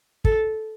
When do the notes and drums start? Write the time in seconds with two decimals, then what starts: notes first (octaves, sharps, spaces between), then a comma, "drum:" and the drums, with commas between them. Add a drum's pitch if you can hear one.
0.24 A4, drum: kick